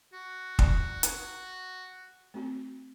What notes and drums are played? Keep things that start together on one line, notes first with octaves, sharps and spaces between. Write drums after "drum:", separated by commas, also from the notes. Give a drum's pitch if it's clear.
F#4
D5, drum: kick
drum: hi-hat
A3 C4 F#4